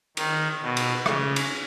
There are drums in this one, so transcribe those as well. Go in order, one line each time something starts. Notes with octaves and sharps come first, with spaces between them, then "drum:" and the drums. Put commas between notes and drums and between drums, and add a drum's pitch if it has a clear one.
D#3, drum: cymbal
B2
drum: cymbal
C#3, drum: rim click
drum: cymbal